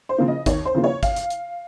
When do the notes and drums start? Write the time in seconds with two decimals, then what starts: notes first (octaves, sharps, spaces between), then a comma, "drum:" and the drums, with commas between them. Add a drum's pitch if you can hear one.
0.09 C5
0.18 C#3 F3 A#3
0.28 D#5
0.46 D#2 C#5, drum: kick, hi-hat
0.65 C5
0.75 C#3 F3 A#3
0.84 C#5
1.03 F5, drum: kick, hi-hat
1.16 drum: hi-hat
1.30 drum: hi-hat